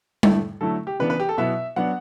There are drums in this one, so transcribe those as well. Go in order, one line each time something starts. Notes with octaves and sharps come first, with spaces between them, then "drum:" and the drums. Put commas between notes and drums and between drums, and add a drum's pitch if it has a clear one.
D3 A3 E4, drum: tom G3
D3 F#3 A3 E4 A4
G4
C#3 E3 B3 D4 B4
B4
G4
A4
B2 F#3 B3 E4 E5
F#3 B3 D4 F#5